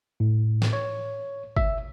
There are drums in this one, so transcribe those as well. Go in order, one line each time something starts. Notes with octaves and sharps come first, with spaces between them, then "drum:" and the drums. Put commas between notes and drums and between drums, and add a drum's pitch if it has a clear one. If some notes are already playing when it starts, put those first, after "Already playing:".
A2
drum: snare
C#5
E5, drum: kick G1